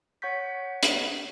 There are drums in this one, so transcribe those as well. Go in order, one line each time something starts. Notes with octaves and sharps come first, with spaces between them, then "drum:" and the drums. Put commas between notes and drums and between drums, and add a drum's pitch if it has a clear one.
C#5 F#5 C#6 G6 B6
drum: hi-hat